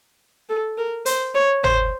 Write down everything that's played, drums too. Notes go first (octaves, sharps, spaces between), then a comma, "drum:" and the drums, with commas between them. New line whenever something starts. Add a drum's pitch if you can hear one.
A4
A#4
C5, drum: hi-hat
C#5
C5, drum: tom